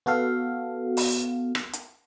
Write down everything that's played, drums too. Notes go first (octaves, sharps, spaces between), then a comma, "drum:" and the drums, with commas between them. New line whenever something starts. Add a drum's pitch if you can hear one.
B3 F#4 A4 F5
drum: open hi-hat
drum: rim click
drum: hi-hat